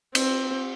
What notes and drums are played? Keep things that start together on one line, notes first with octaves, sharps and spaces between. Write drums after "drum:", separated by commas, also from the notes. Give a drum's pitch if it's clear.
C4, drum: cymbal